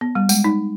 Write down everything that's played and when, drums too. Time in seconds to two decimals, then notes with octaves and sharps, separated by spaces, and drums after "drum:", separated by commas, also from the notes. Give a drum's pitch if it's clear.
0.01 B3
0.15 G3
0.29 G#3, drum: tambourine
0.44 D#4